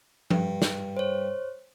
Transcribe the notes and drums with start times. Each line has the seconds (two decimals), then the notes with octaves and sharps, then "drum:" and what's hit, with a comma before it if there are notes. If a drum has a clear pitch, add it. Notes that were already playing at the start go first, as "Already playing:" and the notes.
0.31 G2, drum: tom F3
0.62 drum: snare
0.97 C5 C#5